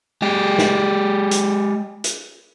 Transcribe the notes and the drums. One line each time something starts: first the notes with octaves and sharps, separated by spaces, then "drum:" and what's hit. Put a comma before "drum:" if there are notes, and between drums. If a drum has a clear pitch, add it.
G#3 G4
drum: snare
drum: hi-hat
drum: hi-hat